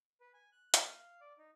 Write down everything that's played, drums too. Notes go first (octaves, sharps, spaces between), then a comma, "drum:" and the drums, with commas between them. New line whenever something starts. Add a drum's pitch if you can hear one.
B4
G#5
F#6
A#3, drum: hi-hat
F5
D5
D#4